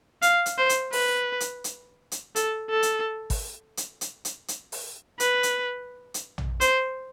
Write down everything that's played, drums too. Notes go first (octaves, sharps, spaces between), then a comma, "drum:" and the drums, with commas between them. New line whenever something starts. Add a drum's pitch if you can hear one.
F5, drum: hi-hat
drum: hi-hat
C5
drum: hi-hat
B4, drum: open hi-hat
drum: hi-hat
drum: hi-hat
drum: hi-hat
A4, drum: hi-hat
A4
drum: hi-hat
drum: kick, open hi-hat
drum: hi-hat
drum: hi-hat
drum: hi-hat
drum: hi-hat
drum: open hi-hat
B4, drum: hi-hat
drum: hi-hat
drum: hi-hat
drum: tom
C5, drum: hi-hat